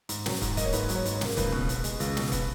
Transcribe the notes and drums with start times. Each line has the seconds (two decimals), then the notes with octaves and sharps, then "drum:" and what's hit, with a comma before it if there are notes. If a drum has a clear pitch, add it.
0.09 G#2, drum: hi-hat
0.26 F#3, drum: snare
0.42 G#2, drum: kick, hi-hat
0.57 A#3 D#5, drum: kick, hi-hat
0.65 C#5
0.73 G#2 B4, drum: hi-hat
0.89 F#3, drum: hi-hat
0.95 C#5
1.05 G#2, drum: hi-hat
1.21 A#3, drum: snare
1.37 C#2 B4, drum: kick, hi-hat
1.52 B2, drum: kick
1.69 B3, drum: hi-hat
1.84 G#3, drum: hi-hat
2.00 C#2, drum: hi-hat
2.17 B2, drum: snare
2.32 B3, drum: kick, hi-hat